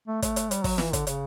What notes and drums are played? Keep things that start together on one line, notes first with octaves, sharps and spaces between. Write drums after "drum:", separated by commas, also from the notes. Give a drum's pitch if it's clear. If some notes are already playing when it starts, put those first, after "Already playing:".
A3
A3, drum: kick, hi-hat
drum: hi-hat
G3, drum: hi-hat
F#3, drum: kick, open hi-hat
E3, drum: snare
D3, drum: kick, hi-hat
C#3, drum: hi-hat